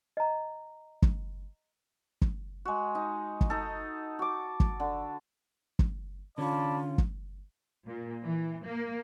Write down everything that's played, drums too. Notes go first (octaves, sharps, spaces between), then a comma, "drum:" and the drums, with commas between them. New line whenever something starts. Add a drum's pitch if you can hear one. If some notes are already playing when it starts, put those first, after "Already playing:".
D#5 A#5
drum: kick
drum: kick
G#3 F#4
D#4
drum: kick
D#4 A4
F#4 D6
drum: kick
D3
drum: kick
D3 C#4 F4 D5 A5 B5
drum: kick
A#2
E3
A#3